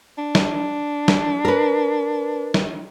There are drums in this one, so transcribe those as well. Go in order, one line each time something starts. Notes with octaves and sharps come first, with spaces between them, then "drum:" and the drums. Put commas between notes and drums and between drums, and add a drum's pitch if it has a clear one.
D4
drum: snare
drum: snare
A#4 B4
drum: snare